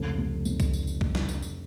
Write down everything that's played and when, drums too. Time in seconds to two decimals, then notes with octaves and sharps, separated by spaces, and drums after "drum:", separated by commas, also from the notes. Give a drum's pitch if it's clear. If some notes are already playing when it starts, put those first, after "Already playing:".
Already playing: F1 C#2 C#3
0.18 F1
0.45 F1, drum: tambourine
0.60 drum: kick, tambourine
0.73 drum: tambourine
0.87 drum: tambourine
1.01 drum: kick
1.15 drum: snare
1.29 drum: tambourine
1.42 drum: tambourine